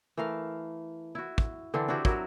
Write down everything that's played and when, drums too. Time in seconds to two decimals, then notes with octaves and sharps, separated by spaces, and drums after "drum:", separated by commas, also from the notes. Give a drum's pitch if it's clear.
0.17 E3 A3 A#4 F5
1.15 E4 F#4
1.38 drum: kick
1.74 D3 E3 C4 D4
1.88 D4 E4 F#4 G4
2.05 F#3 E4 F#4 A#4, drum: kick